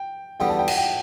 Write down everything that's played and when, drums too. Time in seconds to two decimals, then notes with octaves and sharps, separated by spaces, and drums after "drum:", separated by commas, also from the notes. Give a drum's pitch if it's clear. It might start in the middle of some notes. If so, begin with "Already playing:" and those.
Already playing: G5
0.40 E2 D3 G3 B3 G5
0.49 A5
0.59 G5
0.68 F#5, drum: cymbal
0.77 G5